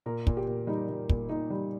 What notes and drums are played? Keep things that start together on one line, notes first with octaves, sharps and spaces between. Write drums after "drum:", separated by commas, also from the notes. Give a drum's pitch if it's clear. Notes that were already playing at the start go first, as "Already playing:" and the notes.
A#2 A#4
A#2, drum: kick
G4
A#2
G3 D#4
G3
A#2, drum: kick
A#2 D#4
G3